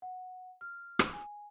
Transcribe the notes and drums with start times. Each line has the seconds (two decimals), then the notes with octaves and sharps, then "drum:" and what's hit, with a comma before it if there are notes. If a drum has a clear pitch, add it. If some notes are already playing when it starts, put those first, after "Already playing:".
0.02 F#5
0.61 F6
0.99 drum: rim click
1.13 G#5